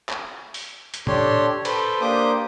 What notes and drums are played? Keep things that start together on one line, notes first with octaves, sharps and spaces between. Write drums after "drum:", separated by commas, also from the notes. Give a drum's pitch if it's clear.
drum: clap
drum: open hi-hat
drum: hi-hat
D4 G4 A4 C#5 C6, drum: tom
A4 B4 C5, drum: cymbal
A#3 D4 G4 C5 D6 D#6